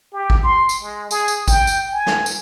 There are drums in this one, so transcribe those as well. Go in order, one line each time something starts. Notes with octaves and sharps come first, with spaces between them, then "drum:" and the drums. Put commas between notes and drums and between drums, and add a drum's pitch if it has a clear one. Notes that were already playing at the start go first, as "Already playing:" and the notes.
G4
drum: kick
C6
drum: tambourine
G#3
G#4, drum: tambourine
drum: tambourine
G5, drum: kick, tambourine
drum: tambourine
G#5
drum: snare
drum: tambourine